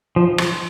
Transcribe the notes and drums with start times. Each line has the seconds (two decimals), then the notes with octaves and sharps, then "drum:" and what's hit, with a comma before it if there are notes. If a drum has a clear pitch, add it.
0.16 F3
0.38 drum: rim click